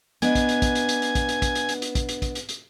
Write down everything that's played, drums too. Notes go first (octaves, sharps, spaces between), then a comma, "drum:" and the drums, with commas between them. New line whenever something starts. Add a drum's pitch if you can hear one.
B3 D4 D#5 G#5, drum: hi-hat
drum: kick, hi-hat
drum: hi-hat
drum: kick, hi-hat
drum: hi-hat
drum: hi-hat
drum: hi-hat
drum: kick, hi-hat
drum: hi-hat
drum: kick, hi-hat
drum: hi-hat
drum: hi-hat
drum: hi-hat
drum: kick, hi-hat
drum: hi-hat
drum: kick, hi-hat
drum: hi-hat
drum: hi-hat